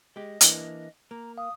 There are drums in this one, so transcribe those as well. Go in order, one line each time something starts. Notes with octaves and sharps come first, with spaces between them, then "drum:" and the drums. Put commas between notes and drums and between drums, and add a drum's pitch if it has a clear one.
G#3 G4 D#5
E3 A#3 D4, drum: hi-hat
A#3 A#5
F5 D#6